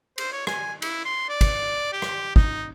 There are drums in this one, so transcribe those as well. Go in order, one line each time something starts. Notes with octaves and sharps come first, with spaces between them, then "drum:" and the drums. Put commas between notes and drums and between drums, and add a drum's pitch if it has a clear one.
C5, drum: cymbal
C#5
G#5, drum: rim click
E4, drum: cymbal
C6
D5
drum: kick, cymbal
G4
drum: rim click
D#4, drum: kick